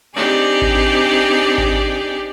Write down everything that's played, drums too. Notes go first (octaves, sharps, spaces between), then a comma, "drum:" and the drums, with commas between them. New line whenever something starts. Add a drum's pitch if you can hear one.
C4 D4 D#4 G4 G#4 D5
drum: kick G#1
drum: kick G#1